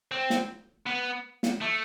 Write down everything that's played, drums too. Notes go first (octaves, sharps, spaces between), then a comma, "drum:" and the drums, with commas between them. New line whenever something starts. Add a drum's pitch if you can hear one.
C4
drum: snare
B3
drum: snare
A3